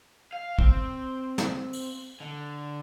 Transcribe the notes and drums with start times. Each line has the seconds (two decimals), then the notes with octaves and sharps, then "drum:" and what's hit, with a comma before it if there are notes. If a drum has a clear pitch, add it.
0.33 F5
0.59 C4, drum: kick
1.38 drum: snare
1.73 drum: open hi-hat
2.20 D3